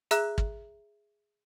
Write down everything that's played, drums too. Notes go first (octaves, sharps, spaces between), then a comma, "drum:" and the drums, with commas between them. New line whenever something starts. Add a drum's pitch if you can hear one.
G#4 E5 A#5 E6 F#6, drum: hi-hat
drum: kick